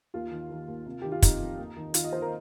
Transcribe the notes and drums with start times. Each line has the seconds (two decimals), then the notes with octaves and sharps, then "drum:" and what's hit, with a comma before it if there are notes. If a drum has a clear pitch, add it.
0.14 D#2 F4
0.31 D#3
0.50 D#3
0.68 D#2
0.86 C3
1.02 D#3 G4
1.12 F4
1.22 C3 D#4, drum: kick, hi-hat
1.40 F2
1.58 D#2
1.77 D#3
1.94 D#3 F4, drum: hi-hat
2.04 D#5
2.13 D#3 C5
2.22 A#4